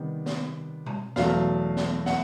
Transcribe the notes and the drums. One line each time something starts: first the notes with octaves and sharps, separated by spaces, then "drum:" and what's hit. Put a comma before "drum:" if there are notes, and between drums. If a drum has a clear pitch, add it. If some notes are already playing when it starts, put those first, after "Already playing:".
Already playing: C3 D#3 G3 B3
drum: snare
drum: tom B2
E2 B2 F#3 A3 F5, drum: snare
drum: snare
F#5, drum: snare